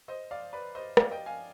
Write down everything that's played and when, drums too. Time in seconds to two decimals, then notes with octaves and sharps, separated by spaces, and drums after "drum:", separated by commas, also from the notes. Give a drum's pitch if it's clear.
0.08 C5 D#5
0.31 D5 F5
0.53 B4 D5
0.75 C5 D#5
0.97 D5 F5, drum: rim click
1.11 D#5 G5
1.26 F5 G#5